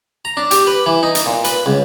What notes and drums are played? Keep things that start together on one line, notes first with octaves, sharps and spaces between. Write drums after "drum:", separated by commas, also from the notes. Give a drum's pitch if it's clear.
A#5
D4
G4, drum: hi-hat
B4
E3
D#4
drum: hi-hat
A#2
B4, drum: hi-hat
C#2